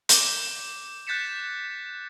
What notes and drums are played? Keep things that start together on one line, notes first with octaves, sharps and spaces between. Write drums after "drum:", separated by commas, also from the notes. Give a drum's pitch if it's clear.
D6 G6, drum: hi-hat
F#6 G6 A6 B6 C#7 E7